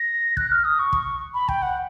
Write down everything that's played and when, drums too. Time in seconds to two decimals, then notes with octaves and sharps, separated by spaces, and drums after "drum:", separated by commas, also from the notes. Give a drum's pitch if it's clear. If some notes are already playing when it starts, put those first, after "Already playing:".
Already playing: A#6
0.37 F#6, drum: kick
0.51 F6
0.65 D#6
0.79 C#6
0.93 drum: kick
1.34 B5
1.48 G5, drum: kick
1.62 F#5